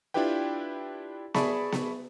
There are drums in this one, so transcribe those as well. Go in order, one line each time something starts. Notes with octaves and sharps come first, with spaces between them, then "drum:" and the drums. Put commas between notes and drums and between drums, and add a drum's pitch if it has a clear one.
D4 E4 F4 G4 B4 G5
G#4 D5 E5 A5 B5 C#6, drum: snare B3
drum: snare B3